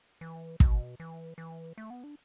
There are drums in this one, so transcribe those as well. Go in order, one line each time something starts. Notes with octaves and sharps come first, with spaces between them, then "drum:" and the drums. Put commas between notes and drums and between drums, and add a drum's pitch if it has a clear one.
E3
B2, drum: kick
E3
E3
A3
B3
D4